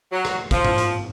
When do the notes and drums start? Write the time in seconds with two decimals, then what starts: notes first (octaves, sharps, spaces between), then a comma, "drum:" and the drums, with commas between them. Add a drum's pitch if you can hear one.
0.11 F#3
0.25 drum: rim click
0.51 F3, drum: kick A1, hi-hat
0.65 drum: tom G#2
0.78 drum: hi-hat